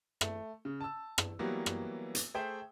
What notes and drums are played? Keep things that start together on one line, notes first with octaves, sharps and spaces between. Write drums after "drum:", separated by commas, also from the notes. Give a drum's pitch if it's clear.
A3, drum: rim click
C#3
A5 E6
drum: rim click
E3 F#3 G3 A#3 B3
drum: rim click
drum: hi-hat
A3 G#4 C5 E5 G5